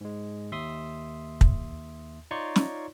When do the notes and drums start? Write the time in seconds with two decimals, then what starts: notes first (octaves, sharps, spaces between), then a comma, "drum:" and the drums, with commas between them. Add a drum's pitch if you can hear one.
0.01 G#2 G#3
0.52 D#2 E5 C6 D#6
1.41 drum: kick
2.31 D#4 F4 C#5 D5 C6 C#6
2.56 drum: snare